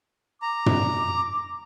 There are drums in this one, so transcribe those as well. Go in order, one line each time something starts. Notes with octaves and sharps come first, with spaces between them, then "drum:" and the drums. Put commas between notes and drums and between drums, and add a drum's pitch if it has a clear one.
A#5 D6
drum: tom